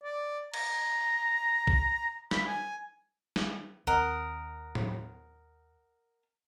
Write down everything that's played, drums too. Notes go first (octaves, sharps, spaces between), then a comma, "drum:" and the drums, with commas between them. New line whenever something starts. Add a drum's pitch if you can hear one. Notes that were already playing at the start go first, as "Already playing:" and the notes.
D5
A#5, drum: cymbal
drum: kick B1
B5, drum: snare
G#5
drum: snare
D#2 C4 A#4 D#5 F#5
drum: tom